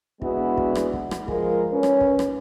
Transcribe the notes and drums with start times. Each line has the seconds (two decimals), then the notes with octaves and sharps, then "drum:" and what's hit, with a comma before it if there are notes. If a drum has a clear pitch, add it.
0.22 E3 G#3 B3 D4 E4 F#4, drum: kick
0.57 drum: kick
0.75 drum: rim click
0.93 drum: kick
1.11 drum: rim click
1.28 F3 G#3 F4 A#4, drum: kick
1.72 C#4 B4
1.83 drum: rim click
2.01 drum: kick
2.19 drum: rim click